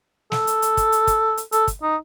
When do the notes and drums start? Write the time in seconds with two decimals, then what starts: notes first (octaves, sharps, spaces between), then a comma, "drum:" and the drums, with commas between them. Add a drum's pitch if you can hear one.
0.32 A4, drum: snare
0.47 drum: hi-hat
0.62 drum: hi-hat
0.77 drum: kick, hi-hat
0.92 drum: hi-hat
1.07 drum: kick, hi-hat
1.37 drum: hi-hat
1.52 A4, drum: hi-hat
1.68 drum: kick, hi-hat
1.82 D#4